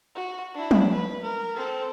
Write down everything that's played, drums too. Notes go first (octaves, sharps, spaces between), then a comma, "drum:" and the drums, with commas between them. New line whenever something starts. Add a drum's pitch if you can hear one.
F#4
D4 E4
drum: tom
B4
A#4
C4 A4